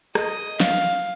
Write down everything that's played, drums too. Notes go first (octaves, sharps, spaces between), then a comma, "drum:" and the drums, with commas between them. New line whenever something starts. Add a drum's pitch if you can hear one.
D#5, drum: rim click
F5, drum: snare